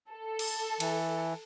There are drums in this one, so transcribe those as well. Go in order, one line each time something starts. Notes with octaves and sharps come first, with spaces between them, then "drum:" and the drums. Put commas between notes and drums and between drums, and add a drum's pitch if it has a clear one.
A4
drum: cymbal
E3, drum: cymbal